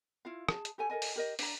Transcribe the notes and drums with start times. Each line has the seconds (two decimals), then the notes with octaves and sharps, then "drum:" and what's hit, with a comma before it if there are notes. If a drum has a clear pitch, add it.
0.25 E4 F4 F5
0.49 G#4 A5, drum: rim click
0.65 drum: hi-hat
0.78 G4 A4 C#5 G#5
0.90 A4 A#4 D#5 G#5
1.02 drum: open hi-hat
1.16 G4 A#4 D#5
1.39 D4 A#5, drum: open hi-hat